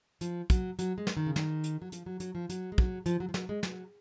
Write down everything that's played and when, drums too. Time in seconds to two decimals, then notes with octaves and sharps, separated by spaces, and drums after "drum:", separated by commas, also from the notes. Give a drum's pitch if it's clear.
0.21 F3, drum: hi-hat
0.50 F#3, drum: kick, hi-hat
0.79 F#3, drum: hi-hat
0.98 G#3
1.07 drum: snare
1.17 D#3
1.26 C#3
1.36 D#3, drum: snare
1.64 drum: hi-hat
1.82 F#3
1.92 F3, drum: hi-hat
2.06 F#3
2.20 F#3, drum: hi-hat
2.35 F3
2.49 F#3, drum: hi-hat
2.72 G#3
2.78 F#3, drum: kick
3.06 F3, drum: hi-hat
3.20 F#3
3.29 F3
3.34 F#3, drum: snare
3.49 G#3
3.63 F#3, drum: snare